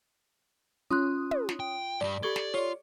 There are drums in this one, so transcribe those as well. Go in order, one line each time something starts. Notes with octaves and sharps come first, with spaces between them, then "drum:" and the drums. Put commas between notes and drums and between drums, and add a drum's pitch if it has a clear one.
C#4 F4 C6 D#6 F#6
drum: tom
drum: snare
G5
G2 G3 D5
G4 A4 D5 B5 C#6 G#6 G7
drum: snare
F4 C#5 D5